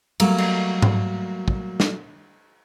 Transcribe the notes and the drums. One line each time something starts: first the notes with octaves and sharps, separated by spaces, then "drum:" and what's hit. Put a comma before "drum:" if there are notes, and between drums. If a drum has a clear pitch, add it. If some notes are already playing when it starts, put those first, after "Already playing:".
F#3 G3 A3 A#3, drum: cymbal
drum: cymbal
drum: tom G#2
drum: kick
drum: snare